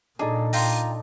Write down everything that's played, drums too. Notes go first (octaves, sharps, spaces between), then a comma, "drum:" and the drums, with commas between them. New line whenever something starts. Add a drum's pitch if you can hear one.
A#2 D4 D#4 G#4 A4
F4 G5 A#5, drum: open hi-hat